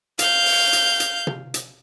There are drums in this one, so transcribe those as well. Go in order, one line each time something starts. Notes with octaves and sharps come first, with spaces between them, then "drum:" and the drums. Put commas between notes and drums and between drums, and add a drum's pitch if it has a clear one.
F5 G6, drum: hi-hat
drum: open hi-hat
drum: hi-hat
drum: hi-hat
drum: tom
drum: hi-hat